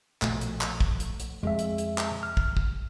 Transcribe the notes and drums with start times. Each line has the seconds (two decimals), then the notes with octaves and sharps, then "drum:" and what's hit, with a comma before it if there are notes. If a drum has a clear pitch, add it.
0.22 A#1 B2 F3 A3, drum: clap
0.41 drum: hi-hat
0.61 drum: clap
0.81 drum: kick
1.00 drum: hi-hat
1.20 drum: hi-hat
1.43 F2 G#3 G#4 E5
1.59 drum: hi-hat
1.78 drum: hi-hat
1.98 drum: clap
2.23 F6
2.37 drum: kick
2.57 drum: kick